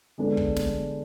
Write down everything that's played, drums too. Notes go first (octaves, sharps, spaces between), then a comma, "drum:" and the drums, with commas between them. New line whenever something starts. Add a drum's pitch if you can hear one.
D3 G#3 B3 D4 A4
drum: kick
drum: snare